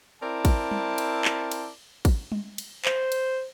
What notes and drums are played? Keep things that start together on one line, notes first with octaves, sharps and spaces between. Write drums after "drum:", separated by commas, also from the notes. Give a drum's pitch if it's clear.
C4 E4 A#4 D5 A5
drum: kick, cymbal
drum: tom G3
drum: cymbal
drum: clap
drum: cymbal
drum: kick, cymbal
drum: tom G3
drum: cymbal
C5, drum: clap
drum: cymbal